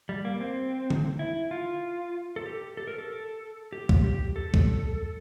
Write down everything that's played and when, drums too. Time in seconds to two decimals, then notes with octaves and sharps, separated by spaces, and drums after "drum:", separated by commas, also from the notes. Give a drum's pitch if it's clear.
0.09 G3
0.25 A#3
0.40 C4
0.90 drum: tom D3
1.19 E4
1.51 F4
2.36 A4
2.46 G4
2.77 A4
2.87 A#4
2.98 A4
3.73 G4
3.89 drum: kick
4.04 G4
4.36 A4
4.54 drum: kick